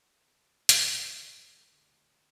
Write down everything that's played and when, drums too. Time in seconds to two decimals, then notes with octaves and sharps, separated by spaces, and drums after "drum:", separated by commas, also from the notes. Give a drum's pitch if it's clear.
0.19 C#2 B2 F#3 A4
0.69 C#2 B2 F#3, drum: hi-hat
1.20 E1 D2 D3 G3 G#4 A#4
1.71 E1 D2 D3 G3